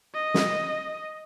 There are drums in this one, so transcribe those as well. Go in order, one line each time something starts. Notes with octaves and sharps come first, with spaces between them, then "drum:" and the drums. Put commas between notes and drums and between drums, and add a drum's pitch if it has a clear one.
D#5
drum: snare